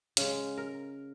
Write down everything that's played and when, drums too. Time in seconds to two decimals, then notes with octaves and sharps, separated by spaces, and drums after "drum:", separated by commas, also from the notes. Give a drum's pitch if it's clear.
0.17 C#3 G#3, drum: hi-hat
0.57 A#4